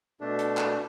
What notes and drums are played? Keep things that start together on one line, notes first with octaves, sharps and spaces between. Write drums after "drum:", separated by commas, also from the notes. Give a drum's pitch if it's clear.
B2 A3 D4
drum: hi-hat
drum: clap